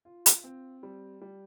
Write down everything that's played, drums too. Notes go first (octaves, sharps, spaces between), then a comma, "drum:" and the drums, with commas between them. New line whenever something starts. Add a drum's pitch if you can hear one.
F4
drum: hi-hat
C4
G3
G3